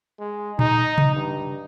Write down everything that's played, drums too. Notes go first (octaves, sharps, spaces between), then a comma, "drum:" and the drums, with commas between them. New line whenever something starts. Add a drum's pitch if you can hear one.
G#3
D#4, drum: tom A#2
drum: tom C3
G2